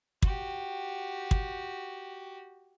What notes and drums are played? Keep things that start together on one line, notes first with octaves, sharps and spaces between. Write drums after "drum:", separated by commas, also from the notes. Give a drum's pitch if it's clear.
F#4 G4, drum: kick
drum: kick